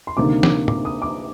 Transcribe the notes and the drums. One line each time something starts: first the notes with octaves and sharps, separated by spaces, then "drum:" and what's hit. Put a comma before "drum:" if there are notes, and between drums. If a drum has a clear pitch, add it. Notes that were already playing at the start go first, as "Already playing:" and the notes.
C6
D2 C3 D#3 G3 A#3 D6
D6, drum: snare
D6, drum: tom
D#6
D6